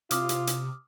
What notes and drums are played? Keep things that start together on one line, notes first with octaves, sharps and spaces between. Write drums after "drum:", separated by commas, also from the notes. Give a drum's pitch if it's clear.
C3 F4 D6 D#6 F6, drum: hi-hat
drum: hi-hat
drum: hi-hat